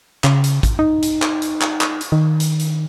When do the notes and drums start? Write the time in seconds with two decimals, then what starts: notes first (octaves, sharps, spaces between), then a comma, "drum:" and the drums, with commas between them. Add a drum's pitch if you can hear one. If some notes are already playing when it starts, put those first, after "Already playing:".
0.24 C#3, drum: clap
0.44 drum: hi-hat
0.63 drum: kick, hi-hat
0.79 D#4
1.02 drum: hi-hat
1.22 drum: clap
1.42 drum: hi-hat
1.61 drum: clap
1.81 drum: clap
2.01 drum: hi-hat
2.12 D#3
2.40 drum: hi-hat
2.59 drum: hi-hat